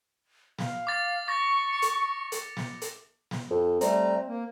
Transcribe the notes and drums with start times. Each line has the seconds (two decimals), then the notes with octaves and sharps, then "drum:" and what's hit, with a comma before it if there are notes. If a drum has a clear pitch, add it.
0.59 F5, drum: snare
0.87 D6 A6
1.28 C#6 D6 A6 A#6
1.73 C#7
1.82 drum: hi-hat
2.32 drum: hi-hat
2.57 drum: snare
2.82 drum: hi-hat
3.31 drum: snare
3.51 F2
3.81 G3 A3 C4 A#5, drum: hi-hat
4.27 A#3